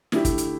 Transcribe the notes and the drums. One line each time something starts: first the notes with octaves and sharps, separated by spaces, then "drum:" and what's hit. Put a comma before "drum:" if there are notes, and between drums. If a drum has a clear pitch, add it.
D3 A3 E4 G4, drum: snare
drum: kick, hi-hat
drum: hi-hat